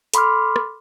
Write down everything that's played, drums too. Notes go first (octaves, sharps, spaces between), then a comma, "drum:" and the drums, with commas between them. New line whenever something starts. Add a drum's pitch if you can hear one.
A4 B5 C6 D6 F6, drum: hi-hat
drum: rim click